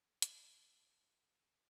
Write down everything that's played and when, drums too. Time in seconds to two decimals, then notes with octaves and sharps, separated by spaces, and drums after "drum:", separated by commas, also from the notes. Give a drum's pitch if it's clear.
0.22 E4 A5, drum: hi-hat